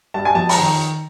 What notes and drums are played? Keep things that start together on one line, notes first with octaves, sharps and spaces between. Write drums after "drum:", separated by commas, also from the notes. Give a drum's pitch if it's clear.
G2 A5
G#5
F2 A5
A#5, drum: open hi-hat
D#3